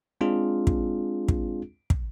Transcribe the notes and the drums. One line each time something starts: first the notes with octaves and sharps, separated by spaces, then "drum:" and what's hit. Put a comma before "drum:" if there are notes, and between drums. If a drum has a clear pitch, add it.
G#3 C4 D4 F4 G#4
drum: kick
drum: kick
drum: kick